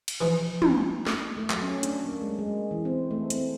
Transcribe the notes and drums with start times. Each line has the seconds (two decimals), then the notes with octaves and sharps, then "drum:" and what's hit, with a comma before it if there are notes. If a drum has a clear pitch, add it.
0.08 drum: cymbal
0.21 E3 F3 D#4
0.62 drum: tom
1.07 drum: snare
1.37 A3
1.50 F#3, drum: clap
1.63 C#4
1.83 D4, drum: hi-hat
2.05 A#3
2.22 G#3
2.38 G#3
2.71 E3
2.85 C4
3.11 A3
3.30 C4, drum: hi-hat